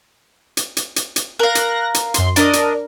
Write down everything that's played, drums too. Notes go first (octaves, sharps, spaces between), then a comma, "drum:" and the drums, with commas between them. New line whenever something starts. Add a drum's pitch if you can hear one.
drum: hi-hat
drum: hi-hat
drum: hi-hat
drum: hi-hat
A#4 F5 F#6 A#6
drum: hi-hat
drum: hi-hat
F#2 C6, drum: hi-hat
D4 A#4 D5 D#5, drum: hi-hat
drum: hi-hat